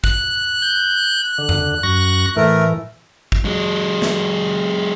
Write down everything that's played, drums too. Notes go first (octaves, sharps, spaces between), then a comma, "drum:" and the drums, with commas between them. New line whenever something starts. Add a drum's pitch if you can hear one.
F#6, drum: kick
G6
D3
drum: tom E2
F#2 C#6 A#6
A2 E3 A3 A#4
drum: kick
F#3 G#3
drum: snare